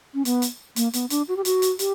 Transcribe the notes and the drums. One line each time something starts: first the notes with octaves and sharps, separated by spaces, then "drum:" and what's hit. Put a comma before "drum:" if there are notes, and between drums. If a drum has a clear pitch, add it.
C#4
B3, drum: hi-hat
drum: hi-hat
A#3, drum: hi-hat
B3, drum: hi-hat
D4, drum: hi-hat
F#4
G4
F#4, drum: hi-hat
drum: hi-hat
G4, drum: hi-hat